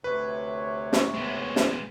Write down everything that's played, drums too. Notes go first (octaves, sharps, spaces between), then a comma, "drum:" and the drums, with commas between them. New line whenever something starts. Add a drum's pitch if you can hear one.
D2 C3 B4 C#5
drum: snare
G#3 B3
drum: snare